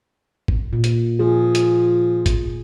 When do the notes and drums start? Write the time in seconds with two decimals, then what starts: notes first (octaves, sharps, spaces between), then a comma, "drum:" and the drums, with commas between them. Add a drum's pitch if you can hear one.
0.48 drum: kick F#1
0.73 A#2
0.84 drum: hi-hat
1.19 F3 G#4
1.55 drum: hi-hat
2.26 drum: kick F#1, hi-hat